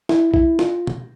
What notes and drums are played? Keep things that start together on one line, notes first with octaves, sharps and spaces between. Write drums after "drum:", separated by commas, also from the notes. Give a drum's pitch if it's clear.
E4, drum: snare
E4, drum: kick B1
F4, drum: snare
drum: tom B2